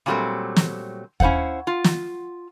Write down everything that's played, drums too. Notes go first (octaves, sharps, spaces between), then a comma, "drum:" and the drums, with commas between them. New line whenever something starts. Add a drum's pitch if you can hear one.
A#2 D3 F#3 G3 A3 C4
drum: snare
C#4 E4 C5 F5 F#5, drum: kick D#2
F4
drum: snare